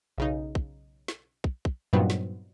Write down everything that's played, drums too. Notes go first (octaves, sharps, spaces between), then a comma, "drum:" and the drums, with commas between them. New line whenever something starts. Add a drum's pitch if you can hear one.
B1 C#3 D#4
drum: kick
drum: snare
drum: kick
drum: kick
G2 A#2 F#3 B3 C4 D#4
drum: snare